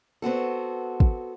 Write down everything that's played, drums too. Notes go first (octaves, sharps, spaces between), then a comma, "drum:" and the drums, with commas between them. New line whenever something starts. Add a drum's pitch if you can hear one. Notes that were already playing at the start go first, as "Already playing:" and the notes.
B3 C4 F#4 A4
drum: kick